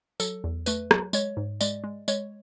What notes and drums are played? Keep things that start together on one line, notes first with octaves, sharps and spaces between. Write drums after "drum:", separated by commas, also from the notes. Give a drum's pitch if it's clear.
F#3 A4, drum: tambourine
E2
A3 B4, drum: tambourine
F#3, drum: rim click
G#3 C#5, drum: tambourine
G#2
G#3 D5, drum: tambourine
G#3
G#3 C#5, drum: tambourine